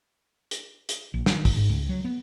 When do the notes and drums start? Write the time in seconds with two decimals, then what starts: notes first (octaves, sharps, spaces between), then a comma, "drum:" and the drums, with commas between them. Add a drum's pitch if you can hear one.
0.51 drum: hi-hat
0.89 drum: hi-hat
1.14 A#1
1.26 D#3, drum: snare
1.45 drum: kick, open hi-hat
1.57 G#2
1.69 C#2
1.89 F#3
2.05 B3